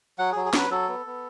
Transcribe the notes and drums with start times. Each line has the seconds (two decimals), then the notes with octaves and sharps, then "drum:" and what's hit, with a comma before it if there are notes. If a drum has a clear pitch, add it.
0.19 F#3 F#5
0.32 F#3 G#4
0.45 G#4
0.53 F#3 B4, drum: snare
0.70 F#3 A4
0.88 B3
1.06 B3